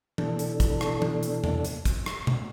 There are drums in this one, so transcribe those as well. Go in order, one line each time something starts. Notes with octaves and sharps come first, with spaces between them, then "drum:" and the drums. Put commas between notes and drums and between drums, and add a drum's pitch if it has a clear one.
B2 E3 D4 A4, drum: tom E3
drum: hi-hat
drum: kick, hi-hat
drum: rim click
drum: tom E3
drum: hi-hat
drum: tom E2
drum: hi-hat
drum: kick, hi-hat
drum: rim click
drum: tom B2